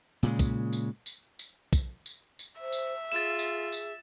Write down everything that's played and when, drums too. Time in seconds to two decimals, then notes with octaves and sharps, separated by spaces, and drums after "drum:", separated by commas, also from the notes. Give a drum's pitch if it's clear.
0.23 A#2 C#3 G#3
0.39 drum: kick, tambourine
0.73 drum: tambourine
1.06 drum: tambourine
1.39 drum: tambourine
1.73 drum: kick, tambourine
2.06 drum: tambourine
2.39 drum: tambourine
2.60 C5 E5
2.72 drum: tambourine
3.12 F4 G#4 A6 E7
3.39 drum: tambourine
3.72 drum: tambourine